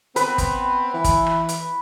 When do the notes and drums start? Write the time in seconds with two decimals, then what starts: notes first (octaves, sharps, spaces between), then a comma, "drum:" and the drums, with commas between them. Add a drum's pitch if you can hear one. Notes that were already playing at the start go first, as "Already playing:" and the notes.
0.16 B3 C4 B4, drum: hi-hat
0.38 drum: kick, hi-hat
0.94 E3
1.04 drum: kick, hi-hat
1.26 drum: rim click
1.49 drum: hi-hat